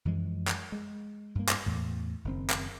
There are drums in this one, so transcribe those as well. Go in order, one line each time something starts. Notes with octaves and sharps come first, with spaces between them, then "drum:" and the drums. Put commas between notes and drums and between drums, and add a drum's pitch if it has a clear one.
F#2 E3 F3 G#3
drum: clap
G#3
G2 A#3
drum: clap
E2 A2
F#1 D#3 C4
drum: clap